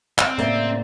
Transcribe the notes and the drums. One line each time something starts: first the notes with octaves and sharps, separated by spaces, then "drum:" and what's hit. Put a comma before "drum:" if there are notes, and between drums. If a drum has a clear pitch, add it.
C4, drum: clap
A2 C#3 A#3 D5 E5 A#5 E6, drum: hi-hat